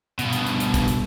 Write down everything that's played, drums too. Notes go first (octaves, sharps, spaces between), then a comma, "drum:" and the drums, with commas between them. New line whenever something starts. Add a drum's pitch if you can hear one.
G2 B2, drum: hi-hat
drum: hi-hat
drum: hi-hat
drum: hi-hat
drum: kick, hi-hat
drum: hi-hat